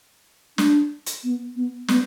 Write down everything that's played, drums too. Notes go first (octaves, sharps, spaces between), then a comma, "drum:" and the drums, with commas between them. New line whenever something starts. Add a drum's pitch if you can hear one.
D4, drum: snare
drum: hi-hat
B3
B3
B3, drum: snare